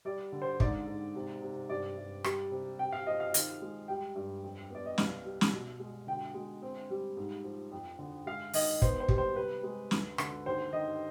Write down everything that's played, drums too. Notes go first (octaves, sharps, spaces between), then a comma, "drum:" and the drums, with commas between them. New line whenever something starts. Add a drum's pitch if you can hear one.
G3 D5
D3
C5
G#2 D5, drum: kick
G#2
C3
C3
G2 D5
G2
G3, drum: rim click
C3
C3 G5
F5
F3 D#5
F5
D#3, drum: hi-hat
G#3
G3 G5
G2
F2
B3 D5
D#5
C2 F5, drum: snare
G3
drum: snare
B2
G#3
D3 G5
G#3
C4
G3
G#2
F3
F2
D3
G#3 F5
D#3 D#5, drum: open hi-hat
B3 C5, drum: kick
C5
G3, drum: kick
C5
C3 B4
G#3
D2, drum: snare
D3, drum: rim click
D#2 C5
D#3 D#5